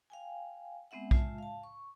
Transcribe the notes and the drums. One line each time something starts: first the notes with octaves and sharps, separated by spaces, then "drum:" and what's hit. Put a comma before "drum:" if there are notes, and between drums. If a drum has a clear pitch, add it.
F5 G5 G#5
G#3 B3 C4 E5 F#5
G#3 F4 E5 A5, drum: kick B1
F5 A5
C#6